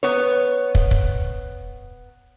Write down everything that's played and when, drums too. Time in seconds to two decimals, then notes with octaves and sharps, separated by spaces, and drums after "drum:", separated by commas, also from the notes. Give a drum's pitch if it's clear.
0.03 B3 C#5
0.75 drum: kick
0.91 drum: kick